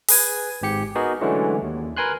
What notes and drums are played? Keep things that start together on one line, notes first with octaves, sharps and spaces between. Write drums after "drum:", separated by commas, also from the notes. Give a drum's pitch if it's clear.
G#4 B4 G#5, drum: open hi-hat
G#1 G#2 G4 C#7
B3 D#4 F#4 G#4 A#4
D3 E3 F#3 G#3 A3 C#4
D#2
A#4 B4 G#5 C6 F#6